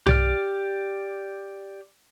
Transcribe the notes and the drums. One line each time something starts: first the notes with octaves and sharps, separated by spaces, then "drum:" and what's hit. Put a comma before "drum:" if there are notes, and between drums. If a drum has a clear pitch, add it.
G4 D5 F6, drum: tom